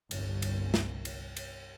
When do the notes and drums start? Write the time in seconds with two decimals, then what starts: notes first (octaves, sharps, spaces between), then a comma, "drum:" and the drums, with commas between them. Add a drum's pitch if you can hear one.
0.11 G1 C2, drum: cymbal
0.42 drum: cymbal
0.74 drum: snare
1.05 drum: cymbal
1.37 drum: cymbal